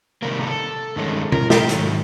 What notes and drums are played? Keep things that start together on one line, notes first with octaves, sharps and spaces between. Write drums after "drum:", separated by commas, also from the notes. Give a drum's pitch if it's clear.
C3 D#3 G3 A#3 A#4
A4
G2 D#3 G#3 C#4
A#4, drum: tom B2
G4, drum: snare
G#2 D#3 F#3, drum: hi-hat